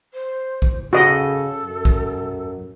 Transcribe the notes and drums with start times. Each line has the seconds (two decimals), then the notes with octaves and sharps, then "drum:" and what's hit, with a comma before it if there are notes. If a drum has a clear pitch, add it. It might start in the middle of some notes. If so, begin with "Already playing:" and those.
0.14 C5
0.62 drum: kick B1
0.93 C#3 F#4 A4 D#5
1.63 F#2
1.85 drum: kick B1